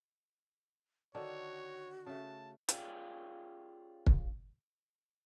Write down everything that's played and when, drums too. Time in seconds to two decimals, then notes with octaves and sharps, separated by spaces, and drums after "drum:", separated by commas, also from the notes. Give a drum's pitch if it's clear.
1.15 D3 D#3 D4 F#4 C#5
2.06 C#3 A3 A5
2.69 C#4 F4 G4 G#4 D5, drum: hi-hat
4.07 drum: kick